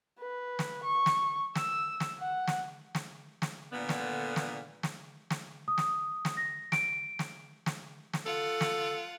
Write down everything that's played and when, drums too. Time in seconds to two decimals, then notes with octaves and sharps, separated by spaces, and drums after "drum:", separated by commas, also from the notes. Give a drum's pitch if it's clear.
0.19 B4
0.59 drum: snare
0.84 C#6
1.06 drum: snare
1.55 E6, drum: snare
2.00 drum: snare
2.19 F#5
2.47 drum: snare
2.95 drum: snare
3.42 drum: snare
3.72 A#2 D3 B3
3.89 drum: snare
4.36 drum: snare
4.83 drum: snare
5.30 drum: snare
5.68 D#6
5.78 drum: snare
6.25 drum: snare
6.37 A#6
6.72 D7, drum: snare
7.19 drum: snare
7.66 drum: snare
8.13 drum: snare
8.25 F4 A4 F#5
8.61 drum: snare